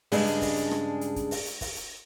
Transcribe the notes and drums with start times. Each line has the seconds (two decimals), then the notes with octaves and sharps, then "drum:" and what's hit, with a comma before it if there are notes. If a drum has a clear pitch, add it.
0.12 G2 C#3 G#3 D4, drum: open hi-hat
0.27 drum: hi-hat
0.41 drum: kick, open hi-hat
0.56 drum: hi-hat
0.71 drum: rim click
1.01 drum: hi-hat
1.16 drum: kick, hi-hat
1.31 drum: open hi-hat
1.46 drum: hi-hat
1.61 drum: kick, open hi-hat
1.76 drum: hi-hat